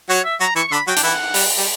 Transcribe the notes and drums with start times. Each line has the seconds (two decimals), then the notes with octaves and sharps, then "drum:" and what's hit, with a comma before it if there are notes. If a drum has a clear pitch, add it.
0.09 F#3 F#4 C#5
0.25 E5
0.40 F#3 F#4 A#5
0.56 E3 E4 C#6
0.68 C#6
0.72 D3 D4 B5
0.87 F#3 F#4 G5
0.97 D4, drum: hi-hat
1.03 E3 E4 F#5
1.34 G3, drum: open hi-hat
1.58 G3